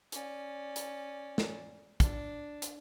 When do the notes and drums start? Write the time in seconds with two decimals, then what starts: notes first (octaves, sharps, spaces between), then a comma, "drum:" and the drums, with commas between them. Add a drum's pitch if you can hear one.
0.12 C#4 D5, drum: hi-hat
0.76 drum: hi-hat
1.38 drum: snare
2.00 D4, drum: kick, hi-hat
2.62 drum: hi-hat